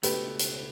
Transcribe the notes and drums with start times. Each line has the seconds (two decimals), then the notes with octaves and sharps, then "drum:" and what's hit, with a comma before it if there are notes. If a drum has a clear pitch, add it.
0.03 C#2 B2 A3 G4 B4, drum: hi-hat
0.39 drum: hi-hat